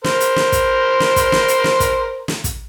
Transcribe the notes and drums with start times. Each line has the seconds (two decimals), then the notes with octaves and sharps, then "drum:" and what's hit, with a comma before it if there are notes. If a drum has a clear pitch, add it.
0.04 A#4 C5, drum: snare
0.20 drum: hi-hat
0.36 drum: snare
0.52 drum: kick, hi-hat
1.00 drum: snare
1.16 drum: kick, hi-hat
1.32 drum: snare
1.48 drum: hi-hat
1.64 drum: snare
1.80 drum: kick, hi-hat
2.28 drum: snare
2.44 drum: kick, hi-hat